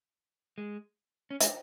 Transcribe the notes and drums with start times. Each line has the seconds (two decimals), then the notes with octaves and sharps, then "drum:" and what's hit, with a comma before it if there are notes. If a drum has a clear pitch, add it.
0.58 G#3
1.31 C#4
1.41 G#3, drum: hi-hat